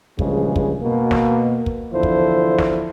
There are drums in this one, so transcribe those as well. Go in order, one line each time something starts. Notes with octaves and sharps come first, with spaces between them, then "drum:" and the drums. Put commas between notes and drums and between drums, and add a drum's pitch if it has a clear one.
G2 A#2 C#3 E3 F3 G#3, drum: kick
drum: kick
B2 A#3
drum: snare
drum: kick
E2 D3 F3 E4 A4 C5
drum: kick
drum: snare